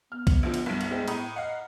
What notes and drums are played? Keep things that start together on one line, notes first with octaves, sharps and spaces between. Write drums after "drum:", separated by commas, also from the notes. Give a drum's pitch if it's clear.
B3 F6
drum: kick, cymbal
D2 D3 F3 E5
drum: cymbal
C2 G2
drum: cymbal
G#3 C4
A2 A#5 B5 D#6, drum: cymbal
D#5 F5 F#5